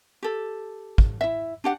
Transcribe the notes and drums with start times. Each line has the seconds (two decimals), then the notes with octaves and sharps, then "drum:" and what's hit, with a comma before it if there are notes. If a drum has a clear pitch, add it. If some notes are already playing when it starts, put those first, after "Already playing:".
0.23 G4 A4
0.98 drum: kick
1.21 E4 E5
1.64 D4 G4 F#5